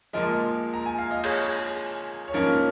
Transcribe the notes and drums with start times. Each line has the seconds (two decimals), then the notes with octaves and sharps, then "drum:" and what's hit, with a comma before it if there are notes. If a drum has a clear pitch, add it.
0.13 A#2 F3 G#3 A#4 D#5
0.74 A#5
0.86 G#5
0.98 F5
1.11 D#5
1.24 G#4 C#5, drum: cymbal
2.28 C#5
2.34 G#2 F3 A#3 C#4 A#4